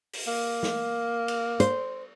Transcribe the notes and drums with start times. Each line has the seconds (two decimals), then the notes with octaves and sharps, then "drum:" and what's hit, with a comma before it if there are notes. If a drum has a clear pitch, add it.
0.13 drum: open hi-hat
0.27 A#3
0.63 drum: snare
1.28 drum: cymbal
1.60 C5, drum: hi-hat